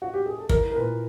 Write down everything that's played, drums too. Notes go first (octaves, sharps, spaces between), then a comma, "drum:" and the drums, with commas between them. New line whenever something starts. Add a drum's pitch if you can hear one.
F#4
G4
G#4
A4
E4 A#4, drum: kick
A#4
A#2 B4